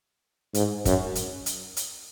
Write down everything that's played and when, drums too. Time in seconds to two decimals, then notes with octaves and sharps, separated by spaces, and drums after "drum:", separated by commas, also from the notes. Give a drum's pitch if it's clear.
0.54 G#2, drum: hi-hat
0.85 F#2, drum: kick, hi-hat
1.15 drum: hi-hat
1.46 drum: hi-hat
1.77 drum: hi-hat